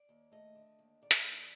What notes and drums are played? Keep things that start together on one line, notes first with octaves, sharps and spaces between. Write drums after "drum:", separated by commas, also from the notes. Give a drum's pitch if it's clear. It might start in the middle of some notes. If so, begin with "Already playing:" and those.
Already playing: D5
D#2
A3 D#5
D3
D#2
D#3 D5
drum: hi-hat
D#2